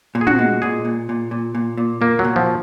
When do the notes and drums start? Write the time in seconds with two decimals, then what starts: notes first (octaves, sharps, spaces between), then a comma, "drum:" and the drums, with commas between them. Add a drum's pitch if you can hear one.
0.15 A#2
0.21 G#4
0.27 F#4, drum: tom
0.39 G#3
0.62 A#2 G#4
0.85 A#2
1.09 A#2
1.31 A#2
1.55 A#2
1.77 A#2
2.01 A#2 A#3
2.19 F#3
2.24 A#2
2.36 F3